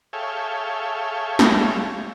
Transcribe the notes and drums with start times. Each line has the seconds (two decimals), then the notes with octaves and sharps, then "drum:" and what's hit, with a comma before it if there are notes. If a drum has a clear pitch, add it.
0.13 G#4 A4 C#5 E5 F5 G5
1.39 drum: snare